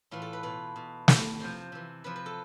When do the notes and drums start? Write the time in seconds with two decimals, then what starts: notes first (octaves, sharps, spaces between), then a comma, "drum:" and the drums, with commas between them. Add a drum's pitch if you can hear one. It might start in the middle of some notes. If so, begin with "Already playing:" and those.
0.11 A2 E3 F4
0.22 A4
0.33 B4
0.43 B2 B4
0.76 B2
1.08 B2, drum: snare
1.40 C3 F3 C5
1.72 C3 E3
2.04 C3 F3 B4
2.16 B4
2.26 A4